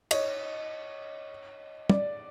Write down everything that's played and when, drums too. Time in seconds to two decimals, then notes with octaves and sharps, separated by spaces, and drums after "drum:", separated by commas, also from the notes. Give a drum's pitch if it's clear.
0.11 C#5 D#5, drum: cymbal
1.90 D5, drum: tom